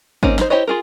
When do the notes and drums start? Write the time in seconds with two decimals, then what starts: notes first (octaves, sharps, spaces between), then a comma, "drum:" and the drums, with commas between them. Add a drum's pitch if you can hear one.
0.23 A#3 C4 C#4 D#4, drum: kick G#1
0.38 D#4 C5, drum: snare
0.50 E4 G4 C5 C#5 D#5
0.67 F4 G#4 A#4